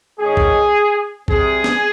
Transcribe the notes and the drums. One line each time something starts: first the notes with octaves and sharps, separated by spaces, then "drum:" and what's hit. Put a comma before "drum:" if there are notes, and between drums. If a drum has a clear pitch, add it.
G#2 D#3 G#3 C#4 G#4
drum: kick A#1
C3 G3 C4 G#4, drum: kick A#1
drum: snare